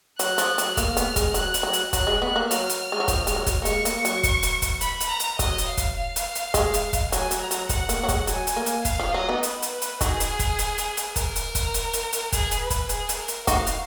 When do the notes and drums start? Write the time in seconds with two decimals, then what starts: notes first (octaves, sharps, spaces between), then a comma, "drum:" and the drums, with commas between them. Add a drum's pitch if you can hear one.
0.19 F#3 F#6, drum: hi-hat
0.38 F3, drum: hi-hat
0.58 F#3, drum: hi-hat
0.77 A#3 F6, drum: kick, hi-hat
0.97 B3, drum: hi-hat
1.16 G#3, drum: kick, hi-hat
1.34 F#3 F#6, drum: hi-hat
1.54 drum: hi-hat
1.63 F#3 F#6
1.73 drum: hi-hat
1.93 F#3 F#6, drum: kick, hi-hat
2.07 G#3
2.21 B3 F#6
2.36 A#3
2.51 F#3 F6, drum: hi-hat
2.69 drum: hi-hat
2.92 G#3
3.00 F#3
3.08 F3, drum: kick, hi-hat
3.27 G#3, drum: hi-hat
3.36 F#3
3.46 drum: kick, hi-hat
3.62 A#3
3.65 G#3 C#6, drum: hi-hat
3.85 A#3, drum: hi-hat
4.05 F#3, drum: hi-hat
4.23 drum: kick, hi-hat
4.43 drum: hi-hat
4.62 drum: kick, hi-hat
4.81 B5, drum: hi-hat
5.00 drum: hi-hat
5.10 A#5
5.20 drum: hi-hat
5.39 F#3 D#5, drum: kick, hi-hat
5.58 drum: hi-hat
5.68 F5
5.77 drum: kick, hi-hat
5.96 F5
6.16 drum: hi-hat
6.35 drum: hi-hat
6.54 G#3, drum: kick, hi-hat
6.74 drum: hi-hat
6.93 drum: kick, hi-hat
7.12 F#3 G#5, drum: hi-hat
7.31 F#3, drum: hi-hat
7.41 A#5
7.51 F#3, drum: hi-hat
7.69 F#3 F#5, drum: kick, hi-hat
7.89 A#3, drum: hi-hat
8.03 F#3
8.08 G#3, drum: kick, hi-hat
8.27 F#3 G#5, drum: hi-hat
8.47 drum: hi-hat
8.56 A#3
8.66 drum: hi-hat
8.85 F5, drum: kick, hi-hat
8.99 F3
9.14 F#3 D#5
9.29 B3 D#4
9.43 B4, drum: hi-hat
9.62 drum: hi-hat
9.72 B4
9.82 drum: hi-hat
10.01 D#4 F#4 G#4, drum: kick, hi-hat
10.20 drum: hi-hat
10.39 drum: kick, hi-hat
10.59 drum: hi-hat
10.78 drum: hi-hat
10.97 drum: hi-hat
11.16 A#4, drum: kick, hi-hat
11.36 drum: hi-hat
11.55 drum: kick, hi-hat
11.74 drum: hi-hat
11.93 drum: hi-hat
12.13 drum: hi-hat
12.32 G#4, drum: kick, hi-hat
12.51 drum: hi-hat
12.60 B4
12.70 drum: kick, hi-hat
12.89 G#4, drum: hi-hat
13.09 drum: hi-hat
13.18 A#4
13.28 drum: hi-hat
13.47 D#4 F#4 F5, drum: kick, hi-hat
13.67 drum: hi-hat